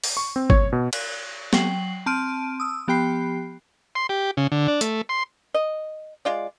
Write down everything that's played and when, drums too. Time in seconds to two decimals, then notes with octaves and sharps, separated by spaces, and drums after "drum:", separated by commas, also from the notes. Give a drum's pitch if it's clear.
0.04 drum: open hi-hat
0.17 C#6
0.36 C4
0.50 C#5, drum: kick
0.72 B2
0.93 drum: cymbal
1.53 F#3 G5 C7 F#7, drum: snare
2.06 C4 A5 C6 F6 D7 D#7
2.60 D#6 E6
2.88 F3 B3 G4 G5 B5 C7
3.95 C6
4.09 G4
4.37 C#3
4.52 D3
4.68 D4
4.81 A3, drum: hi-hat
5.09 C6
5.54 D#5
6.25 G#3 F4 D5